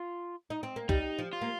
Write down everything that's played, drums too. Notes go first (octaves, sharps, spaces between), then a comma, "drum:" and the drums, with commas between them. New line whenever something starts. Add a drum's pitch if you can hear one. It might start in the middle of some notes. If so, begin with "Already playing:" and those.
Already playing: F4
D#4
C4
A#3
G3 D#4, drum: kick
F3
F4
A#3